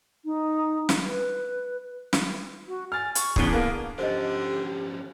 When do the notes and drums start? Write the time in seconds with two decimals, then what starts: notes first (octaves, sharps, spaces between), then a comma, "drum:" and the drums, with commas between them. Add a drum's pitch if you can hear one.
0.25 D#4
0.89 drum: snare
1.06 B4
2.13 drum: snare
2.67 F#4
2.92 G#5 F6 A6
3.15 C#6, drum: hi-hat
3.36 E2 C#3 B3 D4 G#4 G7, drum: kick
3.53 A#3 F5
3.98 D3 F3 C#4 G4 C5 D#5